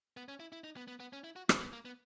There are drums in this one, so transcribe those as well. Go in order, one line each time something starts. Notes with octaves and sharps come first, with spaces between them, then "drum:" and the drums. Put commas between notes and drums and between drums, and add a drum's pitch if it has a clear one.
B3
C#4
E4
E4
D#4
B3
B3
B3
C#4
E4
F#4
E4, drum: rim click
B3
A#3
B3